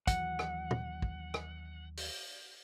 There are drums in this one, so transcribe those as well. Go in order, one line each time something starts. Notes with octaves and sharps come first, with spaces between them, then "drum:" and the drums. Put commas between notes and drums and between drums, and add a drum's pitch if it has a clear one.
D#2 E3 F#3 F#5, drum: kick, hi-hat
drum: rim click
drum: tom
drum: kick
drum: rim click
drum: open hi-hat